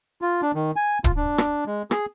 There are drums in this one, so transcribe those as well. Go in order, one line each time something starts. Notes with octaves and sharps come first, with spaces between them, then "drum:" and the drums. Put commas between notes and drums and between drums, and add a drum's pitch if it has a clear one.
F4
D4
D#3
G#5
F4, drum: kick D1, hi-hat
D4
drum: rim click
G#3
G#4, drum: rim click